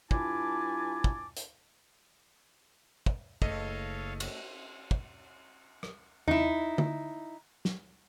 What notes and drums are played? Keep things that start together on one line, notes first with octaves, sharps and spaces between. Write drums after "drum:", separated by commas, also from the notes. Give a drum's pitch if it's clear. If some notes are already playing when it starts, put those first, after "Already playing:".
G2 E4 F4 G#5 A5 D6, drum: kick
drum: kick
drum: hi-hat
drum: kick
F#1 F#2 A3 A4 C#5 D#5 F5, drum: kick
drum: cymbal
drum: kick
drum: rim click
D#4 E4, drum: tom E2
drum: tom D3
drum: snare